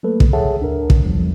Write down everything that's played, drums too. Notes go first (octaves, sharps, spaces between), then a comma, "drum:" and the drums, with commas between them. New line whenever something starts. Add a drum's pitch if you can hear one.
F#3 A3 A#3 A4 B4
drum: kick
G#4 A4 C#5 E5 F#5 A5
D2 D4 A#4
drum: kick
A1 E2 F3 G3